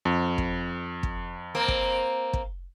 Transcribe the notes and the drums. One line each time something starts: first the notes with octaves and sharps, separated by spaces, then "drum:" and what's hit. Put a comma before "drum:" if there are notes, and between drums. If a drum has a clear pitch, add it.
F2
drum: kick
drum: kick
A#3 C4
drum: kick
drum: kick